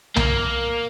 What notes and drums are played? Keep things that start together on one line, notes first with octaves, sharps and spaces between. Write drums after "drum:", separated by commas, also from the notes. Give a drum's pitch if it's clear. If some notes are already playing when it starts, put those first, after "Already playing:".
A#3, drum: tom C2